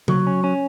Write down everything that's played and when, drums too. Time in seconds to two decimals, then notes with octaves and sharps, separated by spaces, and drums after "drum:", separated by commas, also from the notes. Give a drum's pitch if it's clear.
0.08 F#3, drum: tom C#3
0.27 C#4
0.44 C#4